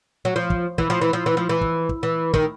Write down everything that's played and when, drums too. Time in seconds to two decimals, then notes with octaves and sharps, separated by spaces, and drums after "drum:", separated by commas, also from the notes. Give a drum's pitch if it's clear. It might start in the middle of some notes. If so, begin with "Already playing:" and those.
0.25 F#3
0.36 F3
0.50 drum: kick
0.78 E3, drum: kick
0.90 F3
1.01 E3
1.13 F3
1.26 E3
1.37 F3
1.49 E3
1.61 drum: kick
1.89 drum: kick
2.03 E3
2.34 D#3, drum: kick